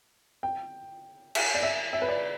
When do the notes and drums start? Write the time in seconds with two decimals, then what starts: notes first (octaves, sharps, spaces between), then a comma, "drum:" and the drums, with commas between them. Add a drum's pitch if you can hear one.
0.43 G5
1.35 drum: cymbal
1.54 D5
1.63 E5
1.93 E5
2.02 B4
2.09 D5